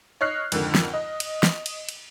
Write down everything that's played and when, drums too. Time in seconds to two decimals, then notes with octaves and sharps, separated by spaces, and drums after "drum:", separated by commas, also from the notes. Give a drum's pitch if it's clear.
0.21 C#5 D#5 F6 F#6 C7
0.52 F2 G#2 D3 D#3, drum: cymbal
0.75 drum: snare
0.93 D#5
1.20 drum: cymbal
1.43 drum: snare
1.66 drum: cymbal
1.89 drum: cymbal